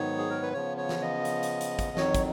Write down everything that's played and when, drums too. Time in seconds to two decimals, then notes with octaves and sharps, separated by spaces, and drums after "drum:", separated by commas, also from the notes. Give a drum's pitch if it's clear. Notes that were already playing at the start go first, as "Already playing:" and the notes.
Already playing: G#2 D#3 F#3 B3 C#5
0.18 G#4
0.30 A#4
0.42 B4
0.53 C#3 F3 B3 C#5
0.77 C#5
0.89 drum: snare
1.01 D#5
1.25 drum: hi-hat
1.43 drum: hi-hat
1.61 drum: hi-hat
1.79 drum: kick, hi-hat
1.97 F2 D#3 F#3 C#5, drum: snare
2.15 drum: kick, hi-hat